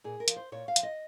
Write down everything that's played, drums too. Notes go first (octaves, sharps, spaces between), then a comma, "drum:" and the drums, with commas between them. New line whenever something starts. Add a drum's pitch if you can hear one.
A#2 G#4
A#4
F3, drum: hi-hat
C5
A#2 C#5
F5
F3, drum: hi-hat
D#5